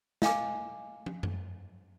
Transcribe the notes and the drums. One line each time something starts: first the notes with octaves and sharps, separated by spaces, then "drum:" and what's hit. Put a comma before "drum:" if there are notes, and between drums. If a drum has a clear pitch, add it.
D#5 F5 G5 G#5 D6, drum: snare
drum: tom
drum: tom F#2